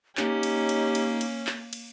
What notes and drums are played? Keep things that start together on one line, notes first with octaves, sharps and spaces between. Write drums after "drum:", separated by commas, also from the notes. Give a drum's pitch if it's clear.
A#3 C#4 D#4 G4, drum: clap
drum: cymbal
drum: cymbal
drum: cymbal
drum: cymbal
drum: clap
drum: cymbal